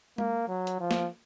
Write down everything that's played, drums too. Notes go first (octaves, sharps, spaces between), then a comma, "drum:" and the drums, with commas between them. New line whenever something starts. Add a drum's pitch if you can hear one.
A#3, drum: tom
F#3
drum: hi-hat
F3
drum: snare